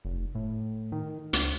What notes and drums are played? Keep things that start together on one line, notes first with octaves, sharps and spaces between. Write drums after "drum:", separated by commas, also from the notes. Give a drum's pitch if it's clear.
F1
A2
D#3
C#2, drum: hi-hat